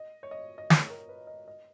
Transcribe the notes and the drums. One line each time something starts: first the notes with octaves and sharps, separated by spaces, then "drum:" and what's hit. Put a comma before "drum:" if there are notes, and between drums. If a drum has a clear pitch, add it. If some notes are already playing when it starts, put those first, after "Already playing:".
Already playing: D#5
C#5
D#5
D#5
C#5, drum: snare
A#4
B4
D#5
D#5